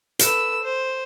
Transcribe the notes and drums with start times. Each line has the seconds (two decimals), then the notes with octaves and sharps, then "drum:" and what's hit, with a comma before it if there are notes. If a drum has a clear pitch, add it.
0.19 A4 B4 E6, drum: hi-hat
0.62 C5